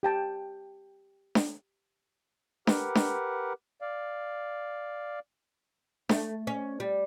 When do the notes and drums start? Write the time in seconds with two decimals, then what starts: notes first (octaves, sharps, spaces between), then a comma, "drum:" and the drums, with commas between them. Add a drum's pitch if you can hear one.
0.03 G4 G5 A5
1.35 drum: snare D4
2.67 G4 A#4 B4 F#5, drum: snare D4
2.95 drum: snare D4
3.82 D5 F5
6.09 A3, drum: snare D4
6.47 C#4
6.80 G3